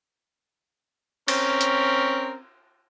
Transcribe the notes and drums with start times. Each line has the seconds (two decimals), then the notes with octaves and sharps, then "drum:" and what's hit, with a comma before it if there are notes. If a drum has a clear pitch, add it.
1.28 C4 C#4 A#4, drum: cymbal
1.61 drum: hi-hat